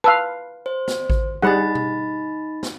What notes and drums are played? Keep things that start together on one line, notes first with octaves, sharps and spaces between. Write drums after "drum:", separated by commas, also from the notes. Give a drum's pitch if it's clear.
B4 F5 A5 E6
C5
drum: snare
drum: kick A1
G3 D#4 G#4 F#5 B5 A6
drum: tom B2
drum: snare